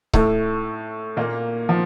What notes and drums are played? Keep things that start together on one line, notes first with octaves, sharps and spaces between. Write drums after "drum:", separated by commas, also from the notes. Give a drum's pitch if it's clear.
A2 A3, drum: kick C#1
A#2 A#3
F3